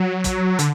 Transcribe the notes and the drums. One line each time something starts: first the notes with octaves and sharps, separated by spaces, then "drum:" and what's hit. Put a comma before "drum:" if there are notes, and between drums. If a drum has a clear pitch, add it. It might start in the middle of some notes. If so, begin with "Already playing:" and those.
Already playing: F#3
drum: kick, hi-hat
D3, drum: hi-hat